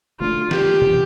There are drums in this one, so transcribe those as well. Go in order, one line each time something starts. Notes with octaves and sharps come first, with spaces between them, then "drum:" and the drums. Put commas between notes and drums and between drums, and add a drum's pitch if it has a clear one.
D3 A3 D4 F4
G4, drum: snare
C3 E3 B3